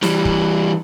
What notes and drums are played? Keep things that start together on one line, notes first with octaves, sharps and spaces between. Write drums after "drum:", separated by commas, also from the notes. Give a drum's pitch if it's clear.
E3 G3, drum: snare
drum: kick